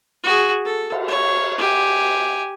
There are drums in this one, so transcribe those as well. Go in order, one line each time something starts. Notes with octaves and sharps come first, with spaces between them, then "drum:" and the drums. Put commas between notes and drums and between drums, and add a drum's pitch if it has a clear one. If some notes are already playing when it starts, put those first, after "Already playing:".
F#4 G#4
A4
drum: cymbal
C#5
G4 G#5